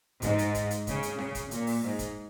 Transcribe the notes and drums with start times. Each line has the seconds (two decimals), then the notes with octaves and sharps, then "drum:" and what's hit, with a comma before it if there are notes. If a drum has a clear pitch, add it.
0.22 G#2, drum: kick, hi-hat
0.39 drum: hi-hat
0.55 drum: kick, hi-hat
0.71 drum: hi-hat
0.87 C#3, drum: kick, hi-hat
1.03 drum: hi-hat
1.19 C#3, drum: snare C#4
1.35 drum: kick, hi-hat
1.51 A#2, drum: hi-hat
1.67 drum: open hi-hat
1.83 G#2
1.99 drum: kick, hi-hat